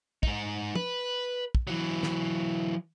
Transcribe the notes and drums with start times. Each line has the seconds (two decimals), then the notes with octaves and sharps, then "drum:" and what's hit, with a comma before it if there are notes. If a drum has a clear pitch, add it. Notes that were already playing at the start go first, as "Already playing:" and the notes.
0.23 G#2 D#4, drum: kick
0.75 B4, drum: tom
1.55 drum: kick
1.67 E3 F#3
2.03 drum: snare